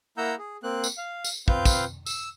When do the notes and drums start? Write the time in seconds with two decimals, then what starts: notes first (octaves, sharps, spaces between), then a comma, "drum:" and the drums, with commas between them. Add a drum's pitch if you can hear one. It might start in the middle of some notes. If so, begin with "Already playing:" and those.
0.17 A#3 E4 F#5 A#5 E6 G6
0.38 G#4
0.63 A#3 C4 F#6
0.84 drum: tambourine
0.98 F5
1.25 drum: tambourine
1.48 C4 F4 B4 F5 G6, drum: kick
1.65 drum: kick, tambourine
2.06 E6, drum: tambourine